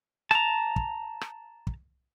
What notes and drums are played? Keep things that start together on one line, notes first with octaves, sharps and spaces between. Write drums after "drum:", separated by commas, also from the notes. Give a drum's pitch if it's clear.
A5 A#5, drum: rim click
drum: kick
drum: rim click
drum: kick